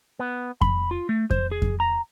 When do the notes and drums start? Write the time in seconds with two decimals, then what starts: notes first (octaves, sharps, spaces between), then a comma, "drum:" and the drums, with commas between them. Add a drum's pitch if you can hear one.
0.19 B3
0.61 B5, drum: kick F2
0.91 F4
1.09 A3
1.31 C5, drum: kick F2
1.51 G#4
1.62 drum: kick F2
1.80 A#5